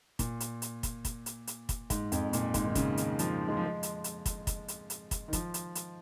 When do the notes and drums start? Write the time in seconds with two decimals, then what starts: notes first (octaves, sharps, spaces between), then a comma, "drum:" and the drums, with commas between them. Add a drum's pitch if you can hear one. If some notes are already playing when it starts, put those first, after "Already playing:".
0.19 A#2, drum: kick, hi-hat
0.40 drum: hi-hat
0.62 drum: hi-hat
0.83 drum: kick, hi-hat
1.05 drum: kick, hi-hat
1.26 drum: hi-hat
1.47 drum: hi-hat
1.69 drum: kick, hi-hat
1.90 G#2, drum: kick, hi-hat
2.12 F2, drum: hi-hat
2.33 A#2, drum: hi-hat
2.54 G#2, drum: kick, hi-hat
2.65 D#3
2.75 C#3, drum: kick, hi-hat
2.97 D#3, drum: hi-hat
3.19 F3, drum: hi-hat
3.48 G#3
3.57 F3
3.65 G#3
3.83 drum: hi-hat
4.04 drum: hi-hat
4.26 drum: kick, hi-hat
4.47 drum: kick, hi-hat
4.68 drum: hi-hat
4.90 drum: hi-hat
5.11 drum: kick, hi-hat
5.28 D#3
5.33 F3, drum: kick, hi-hat
5.54 drum: hi-hat
5.75 drum: hi-hat